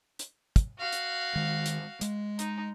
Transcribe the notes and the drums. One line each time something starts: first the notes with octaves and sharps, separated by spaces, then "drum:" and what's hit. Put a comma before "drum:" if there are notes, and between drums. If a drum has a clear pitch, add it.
drum: hi-hat
drum: kick, hi-hat
F#4 F5
drum: hi-hat
D#3 G#3
drum: hi-hat
G#3, drum: hi-hat
D#4, drum: hi-hat